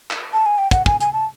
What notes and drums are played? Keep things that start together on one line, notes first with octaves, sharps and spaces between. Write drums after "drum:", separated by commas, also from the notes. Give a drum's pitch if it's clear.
drum: clap
A5
G#5
G5
F#5, drum: kick, hi-hat
G#5, drum: kick
G#5, drum: hi-hat
A5